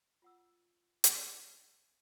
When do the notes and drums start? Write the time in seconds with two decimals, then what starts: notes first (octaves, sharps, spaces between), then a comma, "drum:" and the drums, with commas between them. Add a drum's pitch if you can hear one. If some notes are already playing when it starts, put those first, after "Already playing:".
0.22 F4 F#5 E6
1.04 drum: hi-hat